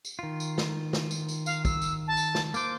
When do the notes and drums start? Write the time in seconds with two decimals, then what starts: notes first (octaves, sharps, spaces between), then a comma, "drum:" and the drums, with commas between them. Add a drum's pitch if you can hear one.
0.05 drum: tambourine
0.19 D#3 F4
0.40 drum: tambourine
0.58 drum: snare
0.93 drum: snare
1.11 drum: tambourine
1.28 drum: tambourine
1.46 F5, drum: tambourine
1.65 E6, drum: kick, tambourine
1.82 drum: tambourine
2.08 A5
2.17 drum: tambourine
2.35 drum: snare
2.54 A#3 C5 D6, drum: tambourine